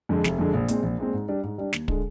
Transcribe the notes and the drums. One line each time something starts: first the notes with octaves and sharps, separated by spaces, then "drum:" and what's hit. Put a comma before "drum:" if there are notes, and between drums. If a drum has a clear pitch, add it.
F2 D3 G#3
F1, drum: snare
F2 D3 G#3
A#1
A#2 G#3 C4, drum: hi-hat
A#1
A#2 G#3 C4
G#2
G3 D4
G#2
G3 D4
D#2, drum: snare
D3 G#3, drum: kick